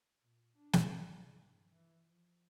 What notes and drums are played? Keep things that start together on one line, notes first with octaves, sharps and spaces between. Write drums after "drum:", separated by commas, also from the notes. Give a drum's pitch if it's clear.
A#2
D4
drum: snare
G#1
G2
E3
F3